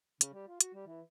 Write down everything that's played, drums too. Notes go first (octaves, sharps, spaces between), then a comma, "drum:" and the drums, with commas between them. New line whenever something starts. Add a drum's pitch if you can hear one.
C#3, drum: hi-hat
G3
F4
F#4, drum: hi-hat
G3
E3